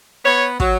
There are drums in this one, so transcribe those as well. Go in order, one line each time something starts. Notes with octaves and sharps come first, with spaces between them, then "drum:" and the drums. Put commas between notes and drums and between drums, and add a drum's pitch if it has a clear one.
B3 C#5
F#3, drum: kick